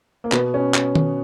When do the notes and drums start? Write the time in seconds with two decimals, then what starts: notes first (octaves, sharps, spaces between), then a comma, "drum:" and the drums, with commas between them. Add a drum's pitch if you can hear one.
0.24 A#3
0.32 B2 B3, drum: clap
0.54 C#4
0.74 drum: clap
0.95 drum: tom